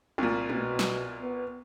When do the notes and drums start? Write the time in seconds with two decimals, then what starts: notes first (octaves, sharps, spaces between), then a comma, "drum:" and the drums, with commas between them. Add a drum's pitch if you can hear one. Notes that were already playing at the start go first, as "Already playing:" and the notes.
0.18 C2 A#2, drum: tom
0.49 B2, drum: tom
0.79 drum: snare
1.22 B3